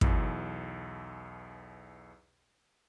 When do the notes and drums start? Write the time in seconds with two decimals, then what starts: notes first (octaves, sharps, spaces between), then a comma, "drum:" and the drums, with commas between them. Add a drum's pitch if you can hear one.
0.01 B1 E2, drum: kick